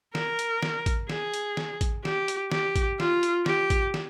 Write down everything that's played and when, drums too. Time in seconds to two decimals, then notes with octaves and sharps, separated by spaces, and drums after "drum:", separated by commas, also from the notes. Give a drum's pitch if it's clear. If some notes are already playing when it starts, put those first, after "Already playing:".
0.15 A#4, drum: snare
0.39 drum: hi-hat
0.63 drum: snare
0.86 drum: kick A1, hi-hat
1.09 G#4, drum: snare
1.34 drum: hi-hat
1.57 drum: snare
1.81 drum: kick A1, hi-hat
2.05 G4, drum: snare
2.28 drum: hi-hat
2.52 G4, drum: snare
2.76 drum: kick A1, hi-hat
3.00 F4, drum: snare
3.23 drum: hi-hat
3.46 G4, drum: snare
3.70 drum: kick A1, hi-hat
3.94 drum: snare